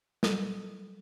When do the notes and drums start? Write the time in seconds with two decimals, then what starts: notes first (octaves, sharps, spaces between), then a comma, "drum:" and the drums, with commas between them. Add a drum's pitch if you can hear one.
0.23 F#3 G3 A4, drum: snare